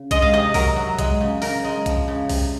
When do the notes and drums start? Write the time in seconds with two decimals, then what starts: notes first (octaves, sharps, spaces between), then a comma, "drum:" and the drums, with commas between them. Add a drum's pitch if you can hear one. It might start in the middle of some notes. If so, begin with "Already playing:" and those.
Already playing: C#3
0.11 G#3 D#5, drum: kick A#1, hi-hat
0.22 F5
0.33 C3 D#5
0.54 F#3 A#4, drum: kick A#1, open hi-hat
0.76 F#3
0.99 G#3, drum: kick A#1, hi-hat
1.21 C#3
1.42 C#3 A#4, drum: open hi-hat
1.65 G#3
1.86 F3, drum: kick A#1, hi-hat
2.08 C#3
2.29 C3, drum: kick A#1, open hi-hat